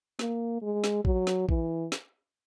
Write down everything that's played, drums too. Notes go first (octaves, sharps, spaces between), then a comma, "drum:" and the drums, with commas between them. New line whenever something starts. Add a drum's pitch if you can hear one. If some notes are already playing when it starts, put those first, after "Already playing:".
A#3, drum: snare
G#3
drum: snare
F#3, drum: kick
drum: snare
E3, drum: kick
drum: snare